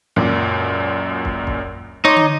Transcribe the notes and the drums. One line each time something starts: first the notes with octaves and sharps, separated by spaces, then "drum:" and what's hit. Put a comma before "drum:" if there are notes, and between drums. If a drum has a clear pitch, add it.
C#2 F#2 A#2
drum: kick
drum: kick
D#4 C#5 C6 D6
drum: tom